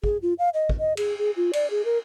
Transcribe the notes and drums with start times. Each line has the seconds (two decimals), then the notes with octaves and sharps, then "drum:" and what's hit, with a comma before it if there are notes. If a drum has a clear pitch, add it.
0.04 G#4, drum: kick
0.22 F4
0.39 F5
0.54 D#5
0.69 drum: kick
0.79 D#5
0.97 G#4, drum: cymbal
1.18 G#4
1.37 F4
1.53 D5, drum: cymbal
1.70 G#4
1.85 A#4